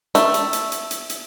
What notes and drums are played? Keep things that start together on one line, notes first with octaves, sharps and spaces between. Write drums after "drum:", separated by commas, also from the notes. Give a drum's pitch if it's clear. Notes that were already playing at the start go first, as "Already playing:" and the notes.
A3, drum: hi-hat
drum: hi-hat
drum: hi-hat
drum: hi-hat
drum: hi-hat
drum: hi-hat